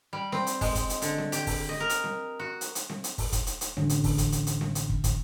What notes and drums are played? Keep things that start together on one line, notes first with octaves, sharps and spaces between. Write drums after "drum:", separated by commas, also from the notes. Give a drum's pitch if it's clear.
G3
C4, drum: snare C4
drum: hi-hat
G#3, drum: kick, open hi-hat
drum: kick, hi-hat
drum: hi-hat
D3, drum: hi-hat
drum: snare C4
G4, drum: hi-hat
drum: kick, open hi-hat
D#5
A#4
drum: hi-hat
drum: snare C4
F#4
drum: hi-hat
drum: hi-hat
drum: snare C4
drum: hi-hat
drum: kick, open hi-hat
drum: kick, hi-hat
drum: hi-hat
drum: hi-hat
A1 D3 C#4, drum: snare C4
drum: hi-hat
drum: kick, open hi-hat
drum: kick, hi-hat
drum: hi-hat
drum: hi-hat
drum: snare C4
drum: hi-hat
drum: kick
drum: kick, hi-hat